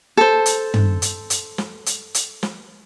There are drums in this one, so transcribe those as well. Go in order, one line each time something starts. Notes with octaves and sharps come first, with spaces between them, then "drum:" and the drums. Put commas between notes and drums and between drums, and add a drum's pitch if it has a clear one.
A4 C5
drum: hi-hat
drum: tom
drum: hi-hat
drum: hi-hat
drum: snare
drum: hi-hat
drum: hi-hat
drum: snare